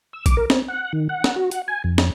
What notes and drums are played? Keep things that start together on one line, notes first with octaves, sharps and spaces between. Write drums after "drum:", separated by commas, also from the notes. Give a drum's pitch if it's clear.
E6
D6, drum: kick A#1, hi-hat
A#4
C4, drum: snare
F#5
D#3
F#5
drum: snare
F#4
F#5, drum: hi-hat
G#5
F2
drum: snare